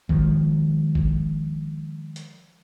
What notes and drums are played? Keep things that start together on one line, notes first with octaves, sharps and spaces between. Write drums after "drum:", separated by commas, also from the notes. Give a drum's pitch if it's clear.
D#3 F3 G#3, drum: kick
drum: kick
drum: hi-hat